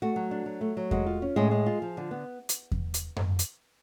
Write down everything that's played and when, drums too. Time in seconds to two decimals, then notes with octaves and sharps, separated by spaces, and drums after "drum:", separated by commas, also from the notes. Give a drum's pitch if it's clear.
0.02 A3 F#4
0.16 F#3
0.31 D4
0.46 F#3
0.61 A3
0.77 F#3
0.91 G#3 F#4, drum: kick E2
1.06 F4
1.22 C#4
1.36 A2 G#3 G#4
1.51 G#3
1.66 F4
1.82 F3
1.97 D3
2.11 B3
2.49 drum: hi-hat
2.71 drum: kick E2
2.94 drum: hi-hat
3.16 drum: tom F#2
3.39 drum: hi-hat